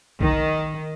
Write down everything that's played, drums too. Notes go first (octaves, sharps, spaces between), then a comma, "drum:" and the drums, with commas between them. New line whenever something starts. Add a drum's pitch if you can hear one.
D#3, drum: kick B1